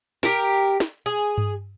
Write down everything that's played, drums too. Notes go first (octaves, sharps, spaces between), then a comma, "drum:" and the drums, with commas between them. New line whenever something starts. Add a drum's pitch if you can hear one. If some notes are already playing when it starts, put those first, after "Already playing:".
G4 A#4, drum: snare
drum: snare
G#4
drum: tom G2